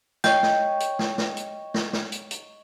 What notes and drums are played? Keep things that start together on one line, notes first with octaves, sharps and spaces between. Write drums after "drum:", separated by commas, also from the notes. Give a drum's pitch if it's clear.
C#5 D#5 G5 G6, drum: snare
drum: snare
drum: hi-hat
drum: snare
drum: snare
drum: hi-hat
drum: snare
drum: snare
drum: hi-hat
drum: hi-hat